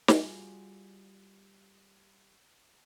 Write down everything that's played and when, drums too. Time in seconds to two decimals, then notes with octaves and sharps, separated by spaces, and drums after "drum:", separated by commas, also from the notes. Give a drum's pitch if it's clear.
0.08 G3 F4 F#4 G#4, drum: snare